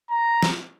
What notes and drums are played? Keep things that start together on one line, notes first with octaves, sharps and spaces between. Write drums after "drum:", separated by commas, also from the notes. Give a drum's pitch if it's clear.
A#5
drum: snare